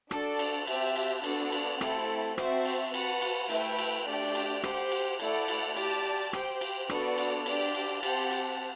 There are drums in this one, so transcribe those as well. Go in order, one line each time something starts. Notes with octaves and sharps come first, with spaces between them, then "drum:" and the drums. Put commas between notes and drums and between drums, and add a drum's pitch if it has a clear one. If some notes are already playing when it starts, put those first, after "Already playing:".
D4 F#4 A4 D5, drum: rim click
drum: cymbal
C4 G4 C5 E5 A5, drum: cymbal
drum: cymbal
B3 D4 F#4 A4, drum: cymbal
drum: cymbal
A3 C4 E4 A4, drum: rim click
C4 F#4 C5 E5 A5, drum: rim click
drum: cymbal
F#4 B4 F#5 A5, drum: cymbal
drum: cymbal
A3 E4 B4 E5 G5, drum: cymbal
drum: cymbal
A3 D4 G4 D5 G5
drum: cymbal
G4 C5 F#5, drum: rim click
drum: cymbal
A3 E4 A4 D5 F#5, drum: cymbal
drum: cymbal
G4 D5 A5, drum: cymbal
G4 C5 G5, drum: rim click
drum: cymbal
B3 D4 F#4 A4 D5, drum: rim click
drum: cymbal
D4 G4 D5, drum: cymbal
drum: cymbal
C4 G4 C5 F#5 A5, drum: cymbal
drum: cymbal